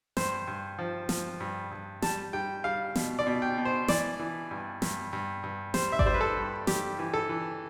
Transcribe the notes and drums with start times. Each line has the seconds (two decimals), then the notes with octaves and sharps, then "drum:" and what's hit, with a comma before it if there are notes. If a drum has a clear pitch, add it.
0.17 G2 C5, drum: snare
0.47 G2
0.79 F3
1.09 F3, drum: snare
1.40 G2
1.71 G2
2.02 G3 A5, drum: snare
2.33 G3 G5
2.64 G3 F5
2.95 B2, drum: snare
3.19 D5
3.27 B2
3.42 G5
3.58 B2
3.65 C5
3.88 E3 D5, drum: snare
4.19 E3
4.51 G2
4.82 G2, drum: snare
5.13 G2
5.44 G2
5.74 G3 C5, drum: snare
5.92 E5
5.99 D5, drum: kick G#1
6.06 G3 C5
6.14 B4
6.21 A4
6.37 G2
6.67 G2 G4, drum: snare
6.99 E3
7.14 A4
7.29 E3